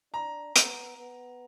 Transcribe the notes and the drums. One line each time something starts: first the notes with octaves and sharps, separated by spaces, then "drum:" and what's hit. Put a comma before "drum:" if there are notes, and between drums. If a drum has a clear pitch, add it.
D4 A#5
B3, drum: hi-hat
B3